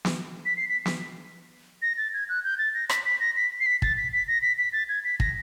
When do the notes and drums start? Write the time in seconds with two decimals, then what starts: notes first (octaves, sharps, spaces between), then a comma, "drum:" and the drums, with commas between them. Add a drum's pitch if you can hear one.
0.05 drum: snare
0.46 B6
0.57 C7
0.68 B6
0.86 drum: snare
1.82 A#6
1.97 A6
2.13 G#6
2.29 F#6
2.44 G6
2.58 A6
2.74 A#6
2.89 B6, drum: rim click
3.05 B6
3.20 A#6
3.36 B6
3.60 C7
3.66 B6
3.82 A6, drum: kick
3.97 B6
4.12 B6
4.28 A#6
4.42 B6
4.58 B6
4.73 A6
4.89 G#6
5.04 B6
5.20 A#6, drum: kick